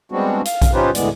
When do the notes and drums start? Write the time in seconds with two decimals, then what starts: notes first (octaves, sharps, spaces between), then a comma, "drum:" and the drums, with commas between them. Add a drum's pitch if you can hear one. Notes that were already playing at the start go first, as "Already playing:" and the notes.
0.12 G3 G#3 B3 C4 D4 F#4
0.45 F5, drum: hi-hat
0.62 drum: kick A#1, hi-hat
0.74 C#4 D#4 F4 G4 B4 C5
0.95 D2 A2 G#3 B3 D5, drum: hi-hat